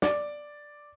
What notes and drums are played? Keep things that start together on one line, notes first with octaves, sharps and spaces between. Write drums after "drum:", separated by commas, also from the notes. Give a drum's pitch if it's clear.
D5, drum: snare